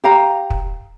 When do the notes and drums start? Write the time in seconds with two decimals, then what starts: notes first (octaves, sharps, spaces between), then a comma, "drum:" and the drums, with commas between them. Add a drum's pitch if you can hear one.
0.04 G4 F5 A#5
0.50 drum: kick